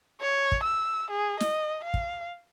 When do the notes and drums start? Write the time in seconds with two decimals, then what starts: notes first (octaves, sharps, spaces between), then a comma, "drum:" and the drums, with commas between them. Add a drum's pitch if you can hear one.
0.21 C#5
0.52 drum: kick
0.63 E6
1.11 G#4
1.40 D#5, drum: snare
1.84 F5
1.94 drum: kick